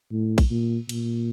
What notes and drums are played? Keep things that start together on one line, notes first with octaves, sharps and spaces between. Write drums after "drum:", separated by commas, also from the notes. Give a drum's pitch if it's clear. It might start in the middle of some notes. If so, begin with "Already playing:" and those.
A2
drum: kick A#1, cymbal
A#2
A#2, drum: cymbal